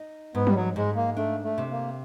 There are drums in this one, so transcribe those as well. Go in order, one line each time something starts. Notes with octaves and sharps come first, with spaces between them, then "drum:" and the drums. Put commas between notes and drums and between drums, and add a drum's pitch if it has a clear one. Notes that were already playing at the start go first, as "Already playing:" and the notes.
Already playing: D#4
G#2 B3
G3, drum: tom F3
F#3
G#2 G#3
A#3
A3 D4
A3
C3
A#3